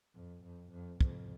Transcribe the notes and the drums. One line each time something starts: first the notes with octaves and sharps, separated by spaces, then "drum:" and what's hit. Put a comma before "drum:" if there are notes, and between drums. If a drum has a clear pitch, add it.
F2
F2
F2
F2, drum: kick